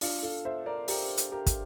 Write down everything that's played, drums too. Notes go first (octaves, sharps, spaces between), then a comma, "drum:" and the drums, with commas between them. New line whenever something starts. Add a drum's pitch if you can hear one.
D4 F4, drum: open hi-hat
F4 A4
C5 E5
A#4 D5
G4 A#4, drum: open hi-hat
drum: hi-hat
G4 A#4
drum: kick, hi-hat